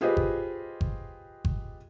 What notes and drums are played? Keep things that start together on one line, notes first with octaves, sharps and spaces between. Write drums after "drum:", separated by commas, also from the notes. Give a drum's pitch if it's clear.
F4 G4 G#4 B4 C5 D#5
drum: kick G1
drum: kick G1
drum: kick G1